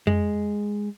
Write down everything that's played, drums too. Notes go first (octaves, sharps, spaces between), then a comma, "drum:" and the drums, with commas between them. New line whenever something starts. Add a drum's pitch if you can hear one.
G#3, drum: tom F2